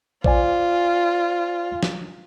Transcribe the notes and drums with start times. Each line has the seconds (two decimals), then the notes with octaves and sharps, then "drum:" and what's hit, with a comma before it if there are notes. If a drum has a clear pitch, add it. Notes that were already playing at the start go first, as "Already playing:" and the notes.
0.24 F4 C5 D5 G#5, drum: kick A1
1.83 drum: snare